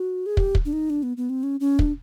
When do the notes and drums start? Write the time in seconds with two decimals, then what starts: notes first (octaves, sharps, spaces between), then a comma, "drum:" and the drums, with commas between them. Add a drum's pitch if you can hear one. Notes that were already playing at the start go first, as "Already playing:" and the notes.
Already playing: F#4
0.26 G#4
0.37 G4, drum: kick
0.55 drum: kick
0.65 D4
0.73 D#4
0.90 D4
1.03 B3
1.17 B3
1.30 C4
1.43 C#4
1.60 C#4
1.79 D4, drum: kick